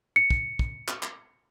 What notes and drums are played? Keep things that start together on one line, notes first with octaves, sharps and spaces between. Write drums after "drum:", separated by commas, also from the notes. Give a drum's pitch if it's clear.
C#7
drum: kick
drum: kick
drum: clap
drum: clap